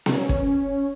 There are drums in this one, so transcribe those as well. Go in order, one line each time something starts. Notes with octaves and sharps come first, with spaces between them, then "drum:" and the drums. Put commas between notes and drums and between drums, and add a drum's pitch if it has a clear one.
C#4, drum: snare B3
drum: kick